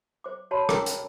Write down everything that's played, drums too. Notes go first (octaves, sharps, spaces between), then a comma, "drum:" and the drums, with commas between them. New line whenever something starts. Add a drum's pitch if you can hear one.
C5 D6
F#4 C#5 A5 B5
C#4 G#4 A#4 A#5 E6, drum: rim click
drum: hi-hat